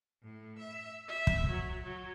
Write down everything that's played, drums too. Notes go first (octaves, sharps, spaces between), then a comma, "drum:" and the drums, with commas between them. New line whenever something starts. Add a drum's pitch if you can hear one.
A2
E5
E5
drum: kick
F#3
F#3